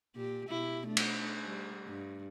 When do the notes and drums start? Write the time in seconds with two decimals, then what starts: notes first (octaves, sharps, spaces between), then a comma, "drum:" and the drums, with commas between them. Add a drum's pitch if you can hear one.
0.16 A#2 G4
0.49 B2 E4 G4
0.88 A3 D4
0.97 drum: cymbal
1.44 G3
1.88 G2